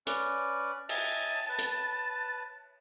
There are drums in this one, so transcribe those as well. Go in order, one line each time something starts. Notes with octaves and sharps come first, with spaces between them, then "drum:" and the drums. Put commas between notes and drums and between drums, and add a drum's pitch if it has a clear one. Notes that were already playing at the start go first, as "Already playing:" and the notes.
C#4 B4 D5, drum: hi-hat
D#5 E5 G#5 A5, drum: cymbal
B4
drum: hi-hat